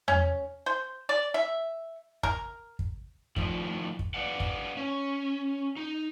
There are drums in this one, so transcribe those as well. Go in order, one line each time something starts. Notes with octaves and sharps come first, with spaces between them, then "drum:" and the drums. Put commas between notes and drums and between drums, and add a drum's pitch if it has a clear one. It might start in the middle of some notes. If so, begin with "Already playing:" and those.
C#4, drum: tom E2
C5
D5
E5
A#4, drum: kick
drum: kick
A2 D#3 F3 G3, drum: kick
drum: kick
B4 D5 F5 F#5
drum: kick
C#4
D#4